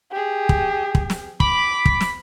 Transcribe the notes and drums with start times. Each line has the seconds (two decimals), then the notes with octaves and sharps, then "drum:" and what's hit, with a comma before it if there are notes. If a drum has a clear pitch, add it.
0.11 G4 G#4
0.49 drum: kick
0.95 drum: kick
1.10 drum: snare
1.40 B5 D6, drum: kick
1.85 drum: kick
2.01 drum: snare